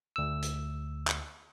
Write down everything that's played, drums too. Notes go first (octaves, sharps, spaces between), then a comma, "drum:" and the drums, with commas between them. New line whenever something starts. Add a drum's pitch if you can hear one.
D2 E6
drum: hi-hat
drum: clap